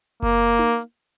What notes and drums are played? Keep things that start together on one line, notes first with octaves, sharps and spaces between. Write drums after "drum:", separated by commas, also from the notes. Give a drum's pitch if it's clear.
A#3, drum: kick F#1
drum: tom D#4
drum: hi-hat